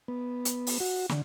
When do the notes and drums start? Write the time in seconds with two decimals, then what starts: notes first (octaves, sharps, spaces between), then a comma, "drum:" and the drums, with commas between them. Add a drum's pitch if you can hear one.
0.08 B3
0.45 drum: hi-hat
0.67 drum: open hi-hat
0.80 F#4
1.09 D3, drum: snare